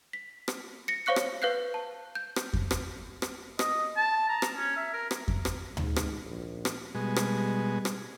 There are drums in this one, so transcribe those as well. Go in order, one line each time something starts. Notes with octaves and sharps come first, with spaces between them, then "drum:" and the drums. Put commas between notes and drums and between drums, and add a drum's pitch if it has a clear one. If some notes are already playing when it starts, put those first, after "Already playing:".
B6
drum: rim click
A#6 C#7
C5 C#5 F5 C#6 F#6 C#7
drum: rim click
B4 F5 F#6 G6 C7
A5
G6
drum: rim click
drum: kick F2
drum: rim click
drum: rim click
D#5, drum: rim click
A5
A#5
drum: rim click
C#4
E5
A#4
drum: rim click
drum: kick F2
drum: rim click
G#2, drum: tom D2
drum: rim click
A#1
drum: rim click
B2 G3 G#3
drum: rim click
drum: rim click